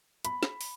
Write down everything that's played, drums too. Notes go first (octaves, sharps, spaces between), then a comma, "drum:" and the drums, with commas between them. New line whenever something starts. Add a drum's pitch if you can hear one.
B5, drum: hi-hat
drum: snare
drum: open hi-hat